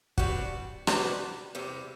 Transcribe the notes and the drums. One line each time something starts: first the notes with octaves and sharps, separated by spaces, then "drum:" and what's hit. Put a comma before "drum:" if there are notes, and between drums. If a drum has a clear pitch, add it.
C3 G3 D4 F#4 B4, drum: kick
C3 G3 D4 F#4 B4, drum: rim click
E2 C3 G3